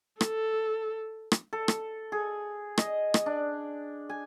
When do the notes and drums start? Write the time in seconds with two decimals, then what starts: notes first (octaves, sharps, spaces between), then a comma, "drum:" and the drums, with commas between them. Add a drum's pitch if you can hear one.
0.21 A4, drum: rim click
1.32 drum: rim click
1.53 A4
1.68 drum: rim click
2.12 G#4
2.78 D#5, drum: rim click
3.14 drum: rim click
3.26 D4
4.09 G#5